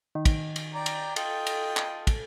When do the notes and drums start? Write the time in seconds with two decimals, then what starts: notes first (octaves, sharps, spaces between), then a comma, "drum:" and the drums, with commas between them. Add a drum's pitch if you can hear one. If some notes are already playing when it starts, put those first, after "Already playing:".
0.15 D#3
0.25 drum: kick, cymbal
0.56 drum: cymbal
0.74 D5 G5 A#5
0.86 drum: cymbal
1.16 F4 A4 D#5 G5, drum: cymbal
1.47 drum: cymbal
1.77 drum: clap
2.07 drum: kick, cymbal